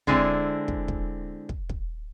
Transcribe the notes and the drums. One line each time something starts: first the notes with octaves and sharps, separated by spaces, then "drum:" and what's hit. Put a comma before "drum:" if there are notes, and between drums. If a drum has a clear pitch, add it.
D3 G#3 C4 D4 E4, drum: kick
drum: kick
drum: kick
drum: kick
drum: kick